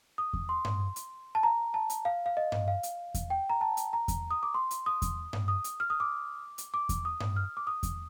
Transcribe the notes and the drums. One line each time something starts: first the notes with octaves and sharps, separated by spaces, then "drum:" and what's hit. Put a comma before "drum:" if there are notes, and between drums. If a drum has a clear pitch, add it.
D#6
drum: kick E2
C6
drum: tom G2
drum: hi-hat
A5
A#5
A5
drum: hi-hat
F5
F5
D#5
drum: tom G2
F5
drum: hi-hat
drum: kick E2, hi-hat
G5
A#5
A5
drum: hi-hat
A#5
drum: kick E2, hi-hat
D#6
D6
C6
drum: hi-hat
D#6
drum: kick E2, hi-hat
drum: tom G2
D#6
drum: hi-hat
F6
D#6
D6
drum: hi-hat
D6
drum: kick E2, hi-hat
D#6
drum: tom G2
F6
D6
D#6
drum: kick E2, hi-hat